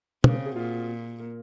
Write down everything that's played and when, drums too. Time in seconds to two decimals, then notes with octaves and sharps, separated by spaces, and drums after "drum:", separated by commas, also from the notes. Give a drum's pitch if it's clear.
0.24 C#3 A#3, drum: tom
0.35 C4
0.46 G#4
0.51 F#4
0.56 A#2 F4
1.20 A#3